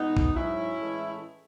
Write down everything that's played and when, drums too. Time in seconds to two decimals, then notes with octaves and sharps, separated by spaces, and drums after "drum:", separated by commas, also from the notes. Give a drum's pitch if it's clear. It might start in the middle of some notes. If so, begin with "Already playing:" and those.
Already playing: B2 G#3 B3 D#4
0.17 drum: kick
0.35 G#2 F#3 C#4 E4
0.79 A2 E3 G#3